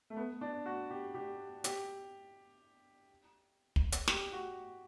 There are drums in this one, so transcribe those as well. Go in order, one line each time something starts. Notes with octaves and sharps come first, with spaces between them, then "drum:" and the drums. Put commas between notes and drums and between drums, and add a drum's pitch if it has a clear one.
A3
B3
D4
F#4
G4
G4
G4, drum: hi-hat
drum: kick
drum: hi-hat
G4, drum: snare
F#4